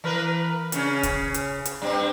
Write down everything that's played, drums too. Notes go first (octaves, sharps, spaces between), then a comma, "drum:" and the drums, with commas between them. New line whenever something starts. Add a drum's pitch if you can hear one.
E3 A#4 B4
C#3 C#4, drum: hi-hat
drum: kick, hi-hat
drum: hi-hat
drum: hi-hat
G2 C4